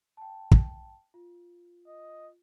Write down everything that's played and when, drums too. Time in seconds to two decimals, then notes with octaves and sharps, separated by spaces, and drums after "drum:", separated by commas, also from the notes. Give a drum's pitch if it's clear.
0.17 G5 A5
0.51 drum: kick
1.14 F4
1.88 D#5